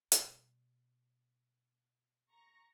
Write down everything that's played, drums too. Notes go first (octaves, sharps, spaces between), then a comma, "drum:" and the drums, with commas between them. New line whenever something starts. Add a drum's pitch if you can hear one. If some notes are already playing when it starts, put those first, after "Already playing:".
B2 G3, drum: hi-hat
A#5 C#6 A#6